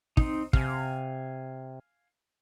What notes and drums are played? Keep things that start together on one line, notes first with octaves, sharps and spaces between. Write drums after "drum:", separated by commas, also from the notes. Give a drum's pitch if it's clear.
C4 D#4, drum: kick
C3 F5 G#5, drum: kick